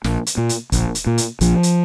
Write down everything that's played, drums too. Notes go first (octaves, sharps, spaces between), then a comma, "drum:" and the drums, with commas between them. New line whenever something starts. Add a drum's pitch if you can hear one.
A#1, drum: snare
drum: hi-hat
A#2
drum: hi-hat
A#1, drum: kick, hi-hat
drum: hi-hat
A#2
drum: hi-hat
A#1 F3, drum: hi-hat
drum: hi-hat